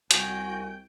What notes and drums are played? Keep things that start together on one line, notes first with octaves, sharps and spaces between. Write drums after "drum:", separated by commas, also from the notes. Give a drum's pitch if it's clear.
C2 F#4 G5 G#5, drum: hi-hat